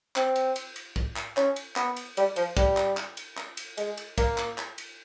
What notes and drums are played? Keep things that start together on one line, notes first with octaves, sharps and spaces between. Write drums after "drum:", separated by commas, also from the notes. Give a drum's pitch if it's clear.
C4, drum: clap
drum: cymbal
drum: cymbal
drum: cymbal
drum: kick
drum: clap
C#4, drum: clap
drum: cymbal
B3, drum: clap
drum: cymbal
G3, drum: cymbal
F3, drum: cymbal
G3, drum: kick, cymbal
drum: clap
drum: clap
drum: cymbal
drum: clap
drum: cymbal
G#3, drum: cymbal
drum: cymbal
A#3, drum: kick, cymbal
drum: clap
drum: clap
drum: cymbal